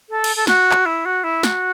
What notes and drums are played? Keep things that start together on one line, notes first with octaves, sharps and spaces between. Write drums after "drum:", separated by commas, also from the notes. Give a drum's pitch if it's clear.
A4
drum: cymbal
A4
F#4, drum: snare
drum: clap
E4
F#4
E4
F#4, drum: snare